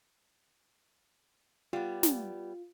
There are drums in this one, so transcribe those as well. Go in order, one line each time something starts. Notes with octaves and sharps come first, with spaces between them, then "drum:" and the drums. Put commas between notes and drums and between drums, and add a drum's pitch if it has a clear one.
G3 B3 F4
drum: snare